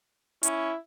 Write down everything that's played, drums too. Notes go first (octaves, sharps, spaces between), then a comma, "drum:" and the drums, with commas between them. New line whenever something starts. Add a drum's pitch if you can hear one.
C#4 E4, drum: hi-hat